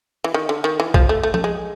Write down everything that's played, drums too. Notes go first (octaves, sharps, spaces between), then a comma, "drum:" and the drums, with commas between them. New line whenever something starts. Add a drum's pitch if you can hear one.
E3
D#3
D3
D#3
E3
F3, drum: kick A#1
A3
A3
A3, drum: tom F3
G#3